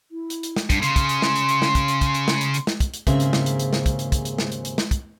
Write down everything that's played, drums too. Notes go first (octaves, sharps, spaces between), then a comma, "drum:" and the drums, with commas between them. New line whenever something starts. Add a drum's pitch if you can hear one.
E4
drum: hi-hat
drum: hi-hat
drum: snare
G2 D4, drum: kick, hi-hat
C#3 C6, drum: hi-hat
drum: kick, hi-hat
drum: hi-hat
drum: snare
drum: hi-hat
drum: hi-hat
drum: snare
drum: kick, hi-hat
drum: hi-hat
drum: kick, hi-hat
drum: hi-hat
drum: snare
drum: hi-hat
drum: hi-hat
drum: snare
drum: kick, hi-hat
drum: hi-hat
D#2 G#2 C#3 C4 G#4 E5, drum: kick, hi-hat
drum: hi-hat
drum: snare
drum: hi-hat
drum: hi-hat
drum: snare
drum: kick, hi-hat
drum: hi-hat
drum: kick, hi-hat
drum: hi-hat
drum: snare
drum: hi-hat
drum: hi-hat
drum: snare
drum: kick, hi-hat